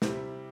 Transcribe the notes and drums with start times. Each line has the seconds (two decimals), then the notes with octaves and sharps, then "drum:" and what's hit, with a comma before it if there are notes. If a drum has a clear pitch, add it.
0.02 C3 G3 C4 E4 G4, drum: snare